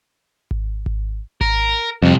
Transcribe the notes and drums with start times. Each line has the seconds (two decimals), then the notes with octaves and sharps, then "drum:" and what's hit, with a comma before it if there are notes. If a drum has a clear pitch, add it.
0.51 drum: kick G#1
0.86 drum: kick G#1
1.41 A#4, drum: kick G#1
2.03 C2 F2 C3